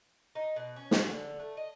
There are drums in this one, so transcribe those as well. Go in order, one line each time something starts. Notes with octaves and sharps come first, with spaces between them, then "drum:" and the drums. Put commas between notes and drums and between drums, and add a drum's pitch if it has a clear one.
D#4
B2
C#4
G#4, drum: snare
D3
A3
D#5